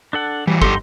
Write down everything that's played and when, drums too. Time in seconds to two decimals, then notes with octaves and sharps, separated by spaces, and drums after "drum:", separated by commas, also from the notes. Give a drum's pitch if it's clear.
0.13 D4 A4 F#5
0.47 E3 F#3 G3
0.62 G2 G3 D#4 G4 A4 C6, drum: kick